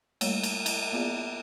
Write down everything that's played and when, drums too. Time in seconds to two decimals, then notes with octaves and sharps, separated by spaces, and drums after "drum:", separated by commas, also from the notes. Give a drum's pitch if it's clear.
0.21 G3 A3 A#3 C#5, drum: cymbal
0.43 drum: cymbal
0.66 drum: cymbal
0.93 A#3 B3 F4 G#4 D5